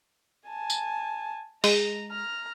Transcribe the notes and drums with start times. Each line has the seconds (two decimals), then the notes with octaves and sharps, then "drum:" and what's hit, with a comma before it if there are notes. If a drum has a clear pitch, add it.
0.48 G#5 A5
0.70 drum: tambourine
1.64 G#3 A#5, drum: open hi-hat
2.11 A#5 F6